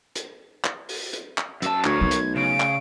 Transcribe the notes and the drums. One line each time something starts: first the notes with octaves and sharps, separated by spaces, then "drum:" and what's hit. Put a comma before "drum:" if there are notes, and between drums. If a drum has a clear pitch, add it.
drum: hi-hat
drum: clap
drum: open hi-hat
drum: hi-hat
drum: clap
F#2 A5 E6, drum: hi-hat
D2 A#4 C#5 G#6, drum: clap
B1 A3
drum: hi-hat
C#3 D7
drum: clap